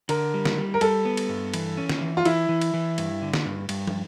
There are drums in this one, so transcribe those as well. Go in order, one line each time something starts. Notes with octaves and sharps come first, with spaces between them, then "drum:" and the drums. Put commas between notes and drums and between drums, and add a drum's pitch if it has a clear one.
D3 A#4, drum: cymbal
G3
drum: snare
G3
A#4
G3 A4, drum: cymbal
B3
drum: cymbal
G2
E3, drum: cymbal
C#4
drum: snare
E3
F4
E3 E4, drum: cymbal
E3
drum: cymbal
E3
G2, drum: cymbal
D3
drum: snare
G2
G2, drum: cymbal
drum: tom